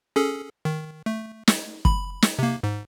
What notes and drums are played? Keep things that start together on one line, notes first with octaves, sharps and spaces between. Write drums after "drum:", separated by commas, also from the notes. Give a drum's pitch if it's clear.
C#4 G#4 A4
D#3
A3
drum: snare
B5, drum: kick
drum: snare
C3 A#3
G#2